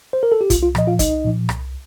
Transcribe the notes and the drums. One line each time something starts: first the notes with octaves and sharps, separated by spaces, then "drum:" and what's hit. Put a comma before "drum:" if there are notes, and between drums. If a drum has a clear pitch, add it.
C5
A#4
A4
G4
C2 F4, drum: kick, hi-hat
F4
A#2 F3 D#5, drum: rim click
F4 F5
C2 D#4 D#5, drum: kick, hi-hat
A#2 F3
C2, drum: rim click